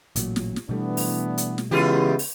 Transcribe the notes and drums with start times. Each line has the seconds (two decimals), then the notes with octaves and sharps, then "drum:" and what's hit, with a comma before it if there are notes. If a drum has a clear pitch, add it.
0.16 A1 A#2 F#3, drum: hi-hat
0.36 drum: snare
0.56 drum: snare
0.69 B2 E3 G3 A3 B3 D4
0.97 drum: open hi-hat
1.38 drum: hi-hat
1.58 drum: snare
1.71 C#3 E3 G#3 B3 E4 F4 G4
2.19 drum: open hi-hat